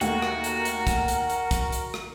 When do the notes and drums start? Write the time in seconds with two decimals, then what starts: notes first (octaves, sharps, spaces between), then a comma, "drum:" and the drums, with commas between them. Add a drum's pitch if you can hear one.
0.01 D#2 A3 F#4 A#4, drum: hi-hat
0.22 drum: rim click
0.44 drum: hi-hat
0.65 drum: hi-hat
0.87 drum: kick, hi-hat
1.08 drum: hi-hat
1.30 drum: hi-hat
1.51 drum: kick, hi-hat
1.72 drum: hi-hat
1.94 drum: rim click